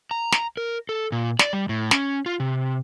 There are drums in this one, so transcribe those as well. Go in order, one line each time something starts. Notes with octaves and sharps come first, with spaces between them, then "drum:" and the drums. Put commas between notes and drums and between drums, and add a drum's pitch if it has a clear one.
A#5
drum: snare
A#4
A4
A#2
D5, drum: snare
G3
A2
C#4, drum: snare
F4
C3